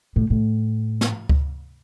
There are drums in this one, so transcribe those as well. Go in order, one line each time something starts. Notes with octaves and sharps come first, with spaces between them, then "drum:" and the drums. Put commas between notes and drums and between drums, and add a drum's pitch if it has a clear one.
A2
A2
drum: snare
drum: kick C#2